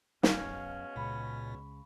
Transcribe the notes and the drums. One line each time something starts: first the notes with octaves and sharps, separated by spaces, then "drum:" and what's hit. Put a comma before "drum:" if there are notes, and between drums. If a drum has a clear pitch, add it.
F#2 B2 G#3 C#4 C#5 F5 G#5, drum: snare
C#2 A#2 C#3 B5 C#6